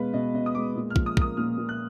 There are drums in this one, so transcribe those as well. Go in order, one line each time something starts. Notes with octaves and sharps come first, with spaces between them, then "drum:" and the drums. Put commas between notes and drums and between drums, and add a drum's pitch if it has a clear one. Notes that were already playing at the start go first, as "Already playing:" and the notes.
Already playing: B2 G#3 B3 B4 F5
B2 D#5
B2 D#5
D#6
G#3 D6
A#2
F6
F3, drum: kick
D#6
A#3 D#6, drum: kick
A#2 F6
A#2
F#6